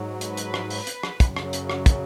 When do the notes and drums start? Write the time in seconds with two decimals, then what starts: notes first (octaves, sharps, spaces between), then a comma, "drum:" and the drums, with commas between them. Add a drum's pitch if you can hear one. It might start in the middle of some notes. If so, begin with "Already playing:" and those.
Already playing: G#2 F#3
0.21 B4, drum: hi-hat
0.37 drum: hi-hat
0.54 drum: rim click
0.70 drum: open hi-hat
0.87 drum: hi-hat
1.03 drum: rim click
1.20 F#2 C#3 F#3, drum: kick, hi-hat
1.36 drum: rim click
1.53 drum: hi-hat
1.70 drum: rim click
1.86 drum: kick, hi-hat